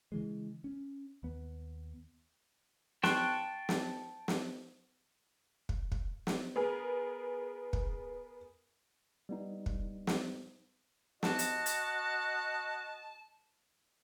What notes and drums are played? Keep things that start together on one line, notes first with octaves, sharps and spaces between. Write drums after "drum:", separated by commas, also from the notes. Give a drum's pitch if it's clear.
C#3 E3 G#3
C#4
D#2 B3
G5 A5 C6 C#6 F#6, drum: snare
drum: snare
drum: snare
drum: kick
drum: kick
drum: snare
B3 G#4 A#4
drum: kick
G3 B3 D#4
drum: kick
drum: snare
F#4 D#5 A5, drum: snare
drum: hi-hat
drum: hi-hat